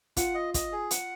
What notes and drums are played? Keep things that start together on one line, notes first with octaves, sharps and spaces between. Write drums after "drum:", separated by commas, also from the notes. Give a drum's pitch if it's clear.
F4 F#5, drum: kick, hi-hat
D#5
D#5, drum: kick, hi-hat
G#4
F#5, drum: hi-hat